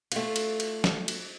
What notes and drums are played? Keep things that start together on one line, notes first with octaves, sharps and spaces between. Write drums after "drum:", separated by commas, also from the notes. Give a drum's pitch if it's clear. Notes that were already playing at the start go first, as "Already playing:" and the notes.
A3 F4, drum: cymbal
drum: cymbal
drum: cymbal
drum: snare
drum: cymbal